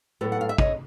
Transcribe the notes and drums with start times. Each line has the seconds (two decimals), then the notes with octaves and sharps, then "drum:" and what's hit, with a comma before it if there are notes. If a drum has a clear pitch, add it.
0.21 A2 F#3 B3 A4 B4
0.32 F#5
0.41 F5
0.49 E5
0.58 C#5 D#5, drum: kick